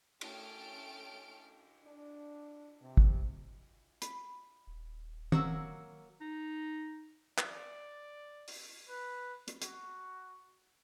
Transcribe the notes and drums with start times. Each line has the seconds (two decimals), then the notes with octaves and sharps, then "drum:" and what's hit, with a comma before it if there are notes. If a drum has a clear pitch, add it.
0.21 A3 C#4 G5 A5 F6 D7, drum: cymbal
1.84 D4
2.81 C3
2.97 drum: kick
4.02 B5, drum: hi-hat
4.67 D#1
5.32 F#3 A#3 F#4 E6, drum: tom
6.21 D#4
7.38 D5, drum: clap
8.48 drum: open hi-hat
8.89 B4
9.48 drum: hi-hat
9.62 F#4, drum: hi-hat